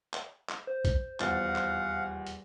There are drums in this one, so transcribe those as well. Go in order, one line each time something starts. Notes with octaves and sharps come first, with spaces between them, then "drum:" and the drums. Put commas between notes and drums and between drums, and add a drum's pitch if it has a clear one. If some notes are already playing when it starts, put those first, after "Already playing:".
drum: clap
drum: clap
C5
drum: kick B1, hi-hat
D#1 E2 F5 F#5 A6, drum: clap
drum: clap
drum: hi-hat